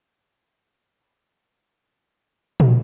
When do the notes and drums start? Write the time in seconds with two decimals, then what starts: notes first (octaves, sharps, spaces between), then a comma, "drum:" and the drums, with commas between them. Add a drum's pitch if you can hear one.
1.00 C4 F#4 G4 A4 B4 C#5
2.60 drum: tom A#2